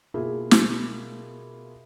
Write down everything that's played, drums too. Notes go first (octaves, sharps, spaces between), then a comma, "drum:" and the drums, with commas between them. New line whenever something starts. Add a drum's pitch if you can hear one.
B2 A#3 E4 F4 G#4
drum: snare